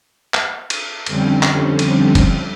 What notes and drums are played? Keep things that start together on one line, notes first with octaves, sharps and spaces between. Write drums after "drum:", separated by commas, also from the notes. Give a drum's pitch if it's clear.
drum: clap
drum: cymbal
F2 D3 G3 C4 C#4, drum: cymbal
drum: clap
drum: cymbal
drum: kick F#1, cymbal